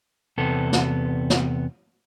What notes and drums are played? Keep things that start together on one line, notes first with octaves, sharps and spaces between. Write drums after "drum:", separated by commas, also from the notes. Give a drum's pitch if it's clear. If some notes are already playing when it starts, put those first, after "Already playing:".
E2 C3 B3 A4
drum: snare
drum: snare